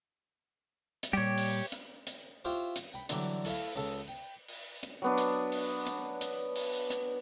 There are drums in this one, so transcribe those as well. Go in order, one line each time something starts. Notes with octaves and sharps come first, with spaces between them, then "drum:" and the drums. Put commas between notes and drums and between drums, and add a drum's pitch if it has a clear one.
drum: hi-hat
A#2 G3 G4 C#5
drum: open hi-hat
drum: hi-hat
drum: hi-hat
E4 F4 G4 C5 C#5 F5
drum: hi-hat
G5 B5
D3 E3 F#3 G3 G4, drum: hi-hat
A3 E4 C#5 F5, drum: open hi-hat
C#2 C#3 A4
G5
drum: open hi-hat
drum: hi-hat
F#3 B3 D4
drum: hi-hat
drum: open hi-hat
drum: hi-hat
drum: hi-hat
drum: open hi-hat
drum: hi-hat